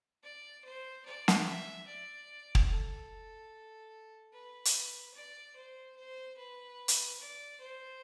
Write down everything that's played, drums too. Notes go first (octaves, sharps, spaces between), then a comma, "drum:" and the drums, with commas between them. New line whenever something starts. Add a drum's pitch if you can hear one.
D5
C5
D5
drum: snare
E5
D5
drum: kick
A4
B4
drum: hi-hat
D5
C5
C5
B4
drum: hi-hat
D5
C5